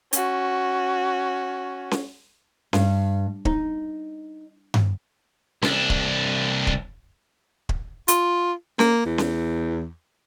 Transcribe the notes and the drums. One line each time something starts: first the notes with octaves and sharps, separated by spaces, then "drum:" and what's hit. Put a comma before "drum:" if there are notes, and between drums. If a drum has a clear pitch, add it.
C#4 F#4, drum: hi-hat
drum: snare C#4
G2, drum: snare C#4
D#4, drum: kick
drum: tom G2
C2 D4, drum: snare C#4
drum: kick
drum: kick
drum: kick
F4, drum: hi-hat
A#3, drum: snare C#4
E2
drum: snare C#4